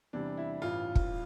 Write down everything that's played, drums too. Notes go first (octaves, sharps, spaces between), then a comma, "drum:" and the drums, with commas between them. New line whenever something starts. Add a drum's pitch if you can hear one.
E2 C3 E3 G3 D4
E4
A1 G2 E3 F4
drum: kick